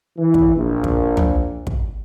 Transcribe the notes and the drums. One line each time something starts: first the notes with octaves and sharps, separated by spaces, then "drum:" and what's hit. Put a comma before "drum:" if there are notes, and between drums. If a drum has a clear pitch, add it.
E3
drum: kick
A#1
drum: kick
drum: tom
drum: kick